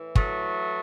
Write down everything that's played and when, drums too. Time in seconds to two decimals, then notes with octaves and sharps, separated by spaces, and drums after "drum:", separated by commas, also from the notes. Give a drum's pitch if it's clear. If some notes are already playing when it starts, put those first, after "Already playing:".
Already playing: A2 E3
0.15 F#3 A3, drum: kick